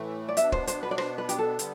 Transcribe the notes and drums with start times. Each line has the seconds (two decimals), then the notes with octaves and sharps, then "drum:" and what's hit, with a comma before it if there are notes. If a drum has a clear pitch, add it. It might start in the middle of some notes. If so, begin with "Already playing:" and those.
Already playing: A2 E3 A3
0.28 D5
0.37 B2 B3 D4 E5, drum: hi-hat
0.52 C5, drum: kick
0.67 C5, drum: hi-hat
0.83 B4
0.91 D5
0.98 C5, drum: rim click
1.18 B4
1.29 G4, drum: hi-hat
1.38 A4
1.59 D3 G3 B3, drum: hi-hat